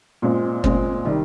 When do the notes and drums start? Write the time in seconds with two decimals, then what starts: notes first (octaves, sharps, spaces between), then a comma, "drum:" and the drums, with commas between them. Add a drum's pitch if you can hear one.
0.22 A#2 G#3 C4
0.64 A#2 G#3 C4, drum: kick
1.04 C3 D#3 G3